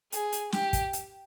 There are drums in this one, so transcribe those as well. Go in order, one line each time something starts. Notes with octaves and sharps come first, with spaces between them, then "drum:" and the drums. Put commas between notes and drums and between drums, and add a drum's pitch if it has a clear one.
G#4, drum: hi-hat
drum: hi-hat
G4, drum: snare
drum: kick, hi-hat
drum: hi-hat